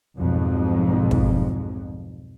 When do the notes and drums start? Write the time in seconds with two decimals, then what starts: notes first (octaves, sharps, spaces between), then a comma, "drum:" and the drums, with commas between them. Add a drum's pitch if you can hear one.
0.17 B1 F2 G#2
1.11 drum: kick